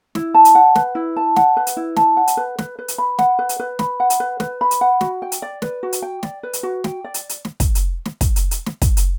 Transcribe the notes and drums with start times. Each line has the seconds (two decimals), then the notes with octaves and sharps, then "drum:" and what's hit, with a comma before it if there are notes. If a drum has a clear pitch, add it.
0.15 E4, drum: snare
0.34 A5
0.45 drum: hi-hat
0.55 F#5
0.75 B4, drum: snare
0.95 E4
1.16 A5
1.36 F#5, drum: snare
1.57 B4
1.67 drum: hi-hat
1.77 E4
1.96 A5, drum: snare
2.17 F#5
2.27 drum: hi-hat
2.37 B4
2.58 B4, drum: snare
2.79 B4
2.88 drum: hi-hat
2.98 B5
3.19 F#5, drum: snare
3.39 B4
3.49 drum: hi-hat
3.60 B4
3.79 B5, drum: snare
4.00 F#5
4.10 drum: hi-hat
4.20 B4
4.40 B4, drum: snare
4.61 B5
4.71 drum: hi-hat
4.81 F#5
5.01 F#4, drum: snare
5.22 G5
5.32 drum: hi-hat
5.42 D5
5.62 B4, drum: snare
5.83 F#4
5.93 drum: hi-hat
6.02 G5
6.23 D5, drum: snare
6.43 B4
6.53 drum: hi-hat
6.63 F#4
6.84 G5, drum: snare
7.04 D5
7.14 drum: hi-hat
7.29 drum: hi-hat
7.45 drum: snare
7.60 drum: kick, hi-hat
7.75 drum: hi-hat
8.05 drum: snare
8.21 drum: kick, hi-hat
8.36 drum: hi-hat
8.51 drum: hi-hat
8.66 drum: snare
8.82 drum: kick, hi-hat
8.97 drum: hi-hat